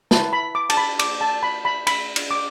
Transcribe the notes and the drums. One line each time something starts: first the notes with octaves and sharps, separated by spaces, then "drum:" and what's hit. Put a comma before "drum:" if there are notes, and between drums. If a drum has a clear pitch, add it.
E4 B4 A5, drum: snare
B5
D6
A5, drum: cymbal
B5
D6, drum: cymbal
A5
B5
B5
B5, drum: cymbal
drum: cymbal
D6